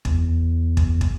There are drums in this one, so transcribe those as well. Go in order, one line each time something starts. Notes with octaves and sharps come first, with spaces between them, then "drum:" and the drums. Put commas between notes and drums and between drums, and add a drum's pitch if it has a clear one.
E2, drum: kick
drum: kick
drum: kick